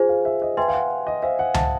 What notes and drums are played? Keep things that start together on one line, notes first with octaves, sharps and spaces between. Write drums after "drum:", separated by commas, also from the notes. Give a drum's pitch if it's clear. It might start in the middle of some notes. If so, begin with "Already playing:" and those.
Already playing: F4 G#4 C5 G#5
F5
E5
D#5
B4 E5 G5 G#5 C6
F5
F#5
D#5
C5 E5 F5 G#5
F#5
A5, drum: tom C#2